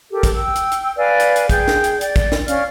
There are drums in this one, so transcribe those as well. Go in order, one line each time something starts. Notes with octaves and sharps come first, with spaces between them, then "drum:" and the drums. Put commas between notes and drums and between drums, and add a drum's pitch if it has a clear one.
G4 A4 A#4
drum: kick, hi-hat
G5 E6
drum: hi-hat
drum: hi-hat
B4 D5 F5 G#5
drum: hi-hat
drum: hi-hat
G#4 G5 G6, drum: kick, hi-hat
drum: snare
drum: hi-hat
D5, drum: hi-hat
drum: kick, hi-hat
drum: snare
C#4 D5 F5 F6, drum: hi-hat